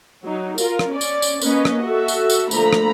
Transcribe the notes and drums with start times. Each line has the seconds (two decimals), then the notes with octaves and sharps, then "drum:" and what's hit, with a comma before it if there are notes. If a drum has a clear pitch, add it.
0.22 F#3 D#4
0.58 F4 A#4, drum: tambourine
0.79 drum: rim click
0.91 C#4 D5
1.01 drum: tambourine
1.22 drum: tambourine
1.41 A#3 C#4 B4 D#5, drum: tambourine
1.65 drum: rim click
1.83 F#4 A4 E5
2.08 drum: tambourine
2.30 drum: tambourine
2.51 D3 F3 A3 A#3 A#5 B5, drum: tambourine
2.73 drum: rim click